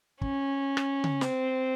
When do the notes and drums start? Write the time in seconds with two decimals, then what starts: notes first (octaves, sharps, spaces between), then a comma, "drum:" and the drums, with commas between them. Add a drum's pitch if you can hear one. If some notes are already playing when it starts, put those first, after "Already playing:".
0.21 C#4, drum: kick
0.77 drum: rim click
1.04 drum: tom C#3
1.21 C4, drum: snare